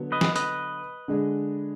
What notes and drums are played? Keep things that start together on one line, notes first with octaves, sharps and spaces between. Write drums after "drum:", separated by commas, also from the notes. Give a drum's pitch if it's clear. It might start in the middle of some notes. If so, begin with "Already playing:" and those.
Already playing: D3 F#3 B3
B4 D#5
drum: snare
B4 D#5, drum: hi-hat
D3 G#3 D4 G#4